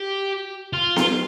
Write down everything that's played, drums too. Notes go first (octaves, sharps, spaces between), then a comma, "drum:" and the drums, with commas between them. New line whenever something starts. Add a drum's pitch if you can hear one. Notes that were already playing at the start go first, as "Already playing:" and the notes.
Already playing: G4
F4
drum: snare B3